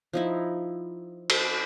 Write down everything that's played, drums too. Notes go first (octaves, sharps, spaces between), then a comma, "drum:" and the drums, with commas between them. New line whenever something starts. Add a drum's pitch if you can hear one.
F3 D#4 E4
drum: cymbal